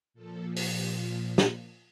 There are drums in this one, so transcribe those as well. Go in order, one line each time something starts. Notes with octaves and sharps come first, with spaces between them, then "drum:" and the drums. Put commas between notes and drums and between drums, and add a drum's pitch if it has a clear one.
A#2 F3 A4
G4, drum: open hi-hat
drum: snare